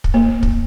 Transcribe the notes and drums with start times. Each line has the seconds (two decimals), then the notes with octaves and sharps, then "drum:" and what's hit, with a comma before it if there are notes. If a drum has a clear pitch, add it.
0.04 drum: kick
0.14 A#3
0.43 drum: kick